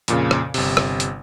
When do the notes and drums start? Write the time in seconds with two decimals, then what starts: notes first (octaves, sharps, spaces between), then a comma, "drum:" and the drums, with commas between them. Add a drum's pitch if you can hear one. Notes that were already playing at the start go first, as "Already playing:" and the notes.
0.08 F2 A#2 C#3, drum: hi-hat
0.31 drum: rim click
0.54 G1 C3, drum: open hi-hat
0.77 drum: rim click
1.00 drum: hi-hat